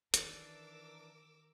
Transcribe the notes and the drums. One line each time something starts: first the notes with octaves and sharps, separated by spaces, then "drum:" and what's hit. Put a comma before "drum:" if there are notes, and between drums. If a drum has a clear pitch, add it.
D#3 E3 D4 A#4 D6 E6, drum: hi-hat